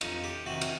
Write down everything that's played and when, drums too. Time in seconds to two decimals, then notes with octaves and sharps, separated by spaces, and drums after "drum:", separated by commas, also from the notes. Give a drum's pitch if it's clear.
0.01 F2 D#4, drum: cymbal
0.24 G4
0.46 C3 D#3 F#4
0.61 drum: cymbal